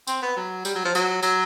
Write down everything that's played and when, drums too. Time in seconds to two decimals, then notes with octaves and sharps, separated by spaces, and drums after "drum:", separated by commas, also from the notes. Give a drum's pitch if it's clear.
0.07 C4, drum: tambourine
0.22 B3
0.37 F#3
0.65 G3, drum: tambourine
0.75 F#3
0.85 F3
0.95 F#3, drum: tambourine
1.23 F#3, drum: tambourine